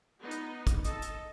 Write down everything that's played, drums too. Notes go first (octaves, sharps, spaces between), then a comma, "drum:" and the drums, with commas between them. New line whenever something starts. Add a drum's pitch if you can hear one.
B3 D#4
drum: hi-hat
drum: kick, hi-hat
A4 D#5, drum: hi-hat
drum: hi-hat